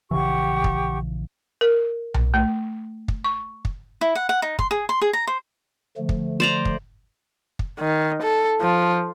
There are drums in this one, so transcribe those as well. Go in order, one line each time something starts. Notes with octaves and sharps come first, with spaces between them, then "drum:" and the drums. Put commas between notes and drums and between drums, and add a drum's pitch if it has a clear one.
A#1 C#3 E3 G4 F#5 C#6
drum: kick
A#4
drum: tom B1
A3
drum: kick
C#6
drum: kick
E4
F#5
F#5
D#4
C6, drum: kick
G#4
C6
G#4
A#5
C5
D3 F3 A3
drum: kick
C5 D5 A#5
drum: kick
drum: kick
D#3
A4
F3